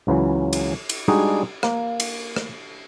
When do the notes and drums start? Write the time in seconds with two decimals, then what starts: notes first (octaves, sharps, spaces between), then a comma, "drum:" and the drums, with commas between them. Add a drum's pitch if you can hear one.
0.07 C#2 C#3 E3 F#3
0.53 drum: cymbal
0.89 drum: cymbal
1.08 G3 G#3 D4 D#4 F#4 G#4
1.63 A#3, drum: rim click
2.00 drum: cymbal
2.36 drum: rim click